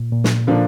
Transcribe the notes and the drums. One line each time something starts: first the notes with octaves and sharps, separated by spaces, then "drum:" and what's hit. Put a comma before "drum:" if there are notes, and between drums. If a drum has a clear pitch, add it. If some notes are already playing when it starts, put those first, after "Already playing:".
Already playing: A#2
A#2
drum: snare
D3 F3 A#3 D4